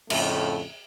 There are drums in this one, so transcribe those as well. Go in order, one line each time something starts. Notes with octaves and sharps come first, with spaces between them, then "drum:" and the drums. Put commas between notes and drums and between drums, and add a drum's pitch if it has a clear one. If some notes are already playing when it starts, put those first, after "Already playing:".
F2 A2 C#3 A3, drum: cymbal